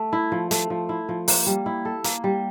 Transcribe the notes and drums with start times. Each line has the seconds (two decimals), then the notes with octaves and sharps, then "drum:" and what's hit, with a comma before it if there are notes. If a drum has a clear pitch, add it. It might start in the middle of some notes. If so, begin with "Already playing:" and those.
Already playing: A3
0.13 E4
0.32 F3
0.51 A3, drum: hi-hat
0.70 F3
0.89 E4
1.09 F3
1.28 A#3, drum: open hi-hat
1.46 G3
1.66 E4
1.85 A4
2.04 A#3, drum: hi-hat
2.24 G3